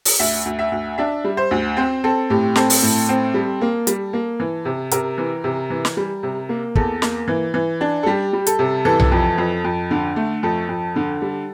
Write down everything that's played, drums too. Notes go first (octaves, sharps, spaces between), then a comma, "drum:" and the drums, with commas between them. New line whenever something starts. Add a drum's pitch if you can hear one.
drum: open hi-hat
D2 E5
D2
E5
D2
D4 E5
G3
C5
D2
C4 C5
C4 A4
A2 G4
C4 A4, drum: snare
drum: open hi-hat
A2
C4
G3
A#3
G3, drum: hi-hat
A#3
E3
C3
C3 A#4, drum: hi-hat
E3
C3
E3
drum: snare
G3
C3
A#3
E2 A4, drum: kick
A#3, drum: snare
E3
E3
D4
A4
G3 G4
G3
A4, drum: hi-hat
C3
E3 A4
drum: tom B1
F2
F2
F2
D3
A3
F2 A4
F2
D3
G3